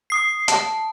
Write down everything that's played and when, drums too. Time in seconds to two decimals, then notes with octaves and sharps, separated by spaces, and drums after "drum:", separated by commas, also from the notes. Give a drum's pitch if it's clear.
0.10 D#6 C7
0.48 A5, drum: hi-hat